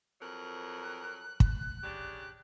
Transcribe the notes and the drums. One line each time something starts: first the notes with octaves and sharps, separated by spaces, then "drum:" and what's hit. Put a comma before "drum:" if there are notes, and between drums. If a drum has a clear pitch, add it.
F2 F#3 A#4 F#6
drum: kick
C#3 D4 G4